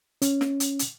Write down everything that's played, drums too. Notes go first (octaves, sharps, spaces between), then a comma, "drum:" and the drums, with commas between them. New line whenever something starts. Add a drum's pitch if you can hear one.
C#4, drum: hi-hat
drum: snare
drum: hi-hat
drum: hi-hat